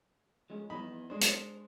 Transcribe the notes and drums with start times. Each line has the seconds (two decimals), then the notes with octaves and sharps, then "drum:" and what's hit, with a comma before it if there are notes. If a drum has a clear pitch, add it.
0.50 F3 G#3 C#4
0.70 F2 E3 B3 D#4 B5
1.10 G#3 D4 C5
1.21 drum: hi-hat